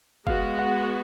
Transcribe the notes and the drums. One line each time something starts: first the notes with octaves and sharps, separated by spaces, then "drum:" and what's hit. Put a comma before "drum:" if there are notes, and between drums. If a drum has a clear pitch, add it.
G#3 B3 F#4 F5, drum: kick
F#5